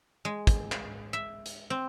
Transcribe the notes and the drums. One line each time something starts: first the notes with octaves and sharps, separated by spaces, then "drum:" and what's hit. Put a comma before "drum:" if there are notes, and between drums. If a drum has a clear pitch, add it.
G#3
drum: kick, hi-hat
drum: clap
E5
drum: hi-hat
C4